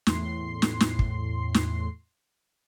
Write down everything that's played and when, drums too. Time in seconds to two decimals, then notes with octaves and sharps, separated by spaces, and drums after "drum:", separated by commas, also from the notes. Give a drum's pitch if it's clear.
0.07 E2 A2 C6 C7, drum: snare
0.62 drum: snare
0.80 drum: snare
0.99 drum: kick
1.54 drum: snare